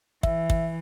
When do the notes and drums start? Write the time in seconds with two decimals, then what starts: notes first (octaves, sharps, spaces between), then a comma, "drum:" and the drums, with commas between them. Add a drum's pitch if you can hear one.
0.23 E3 E5, drum: kick
0.50 drum: kick